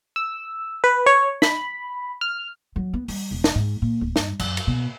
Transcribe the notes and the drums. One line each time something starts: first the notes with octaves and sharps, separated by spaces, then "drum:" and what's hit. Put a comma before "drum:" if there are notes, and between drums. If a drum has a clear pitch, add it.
E6
B4
C#5
B5, drum: snare
F6
F#3
B3
G3, drum: open hi-hat
E1
drum: snare
G#2
A#2
D1
G2, drum: snare
F#2, drum: cymbal
drum: cymbal
B2